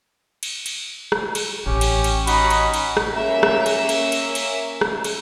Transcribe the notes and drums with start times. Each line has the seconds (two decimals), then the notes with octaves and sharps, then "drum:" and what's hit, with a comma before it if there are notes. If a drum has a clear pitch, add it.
0.43 drum: cymbal
0.66 drum: cymbal
1.12 drum: rim click
1.35 drum: cymbal
1.66 A1 C#4 G4
1.81 drum: cymbal
2.04 drum: cymbal
2.27 C#4 D#4 F#4 B5, drum: cymbal
2.50 drum: cymbal
2.74 drum: cymbal
2.97 drum: rim click
3.12 A#3 C#4 E5
3.43 drum: rim click
3.66 drum: cymbal
3.89 drum: cymbal
4.12 drum: cymbal
4.35 drum: cymbal
4.81 drum: rim click
5.04 drum: cymbal